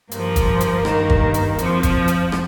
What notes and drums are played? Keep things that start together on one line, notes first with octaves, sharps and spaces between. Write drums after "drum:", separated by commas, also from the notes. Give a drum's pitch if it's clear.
G2 F3 A#3, drum: hi-hat
drum: kick, hi-hat
drum: hi-hat
G2 D#3, drum: rim click
drum: kick
drum: hi-hat
F2 F3, drum: hi-hat
drum: kick, hi-hat
drum: hi-hat
drum: rim click